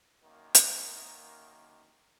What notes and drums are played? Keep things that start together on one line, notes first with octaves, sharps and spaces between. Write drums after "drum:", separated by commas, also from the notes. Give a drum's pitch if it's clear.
F#2 D#3 A#3
drum: hi-hat